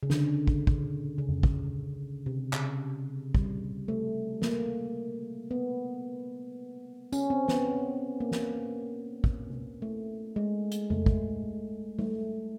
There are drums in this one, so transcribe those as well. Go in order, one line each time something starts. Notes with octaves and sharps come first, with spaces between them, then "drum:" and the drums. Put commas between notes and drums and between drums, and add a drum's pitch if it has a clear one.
C#3
D3, drum: snare
drum: kick
drum: kick
C#3
drum: tom F2
drum: kick
C3
C#3, drum: clap
G3, drum: kick
A3
A#3, drum: snare
B3
C#4, drum: tambourine
C4
B3, drum: snare
A#3
drum: snare
drum: kick
drum: tom C3
A3
G#3
drum: hi-hat
A3, drum: tom F2
drum: kick
A3, drum: tom G3